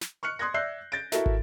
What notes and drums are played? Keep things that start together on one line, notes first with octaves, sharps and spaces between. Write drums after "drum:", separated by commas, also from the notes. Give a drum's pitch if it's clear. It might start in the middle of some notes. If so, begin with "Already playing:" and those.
drum: snare
C#6 F6 F#6 C#7
C6 D#6 F#6 G#6 A#6
D5 E5 E6 F#6 G6 C7
G6 A6 A#6 D7
E4 F#4 A4 A#4 E5, drum: snare
drum: kick